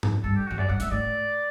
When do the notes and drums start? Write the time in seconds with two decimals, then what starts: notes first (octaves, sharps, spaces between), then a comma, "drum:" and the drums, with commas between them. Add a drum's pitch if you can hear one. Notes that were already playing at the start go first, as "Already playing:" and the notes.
0.03 drum: tom G#2
0.23 G2 A4
0.36 G4
0.47 F#4
0.51 E2
0.58 F#2 D5
0.69 G2 F#5
0.80 A2 E5, drum: hi-hat
0.86 G2
0.91 A2 D5